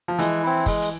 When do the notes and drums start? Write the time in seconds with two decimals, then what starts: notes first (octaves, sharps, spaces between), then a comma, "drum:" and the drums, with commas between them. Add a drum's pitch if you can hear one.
0.08 F3
0.19 E3 G#3, drum: hi-hat
0.43 C4 E4
0.66 G#3, drum: kick, open hi-hat
0.82 drum: hi-hat